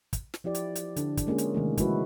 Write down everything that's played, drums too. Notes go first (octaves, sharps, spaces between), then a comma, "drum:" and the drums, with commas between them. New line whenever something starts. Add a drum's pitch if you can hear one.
drum: kick, hi-hat
drum: snare
F3 E4 G4 D5
drum: hi-hat
drum: hi-hat
D3 D4, drum: hi-hat
drum: kick, hi-hat
G#3 A#3 C#4 F4 G#4
drum: hi-hat
C3 D#3 G#3 A3
F3 G#3 D#4 E4 F#4 B4, drum: kick, hi-hat